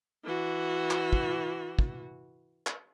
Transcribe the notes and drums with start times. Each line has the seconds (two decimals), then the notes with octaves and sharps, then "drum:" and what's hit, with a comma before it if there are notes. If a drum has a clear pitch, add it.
0.25 E3 F#4
0.91 drum: clap
1.13 drum: kick
1.79 drum: kick
2.67 drum: clap